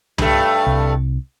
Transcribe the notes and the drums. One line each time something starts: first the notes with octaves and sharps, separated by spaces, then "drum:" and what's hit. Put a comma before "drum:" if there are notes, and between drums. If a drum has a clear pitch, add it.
G2 A3, drum: tom C2
C2